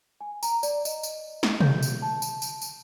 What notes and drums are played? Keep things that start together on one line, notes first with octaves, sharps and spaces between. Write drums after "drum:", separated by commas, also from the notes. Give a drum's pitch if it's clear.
G#5
A#5, drum: tambourine
D5, drum: tambourine
D#5, drum: tambourine
drum: tambourine
drum: snare
G6, drum: tom
drum: tambourine
A5
drum: tambourine
drum: tambourine
drum: tambourine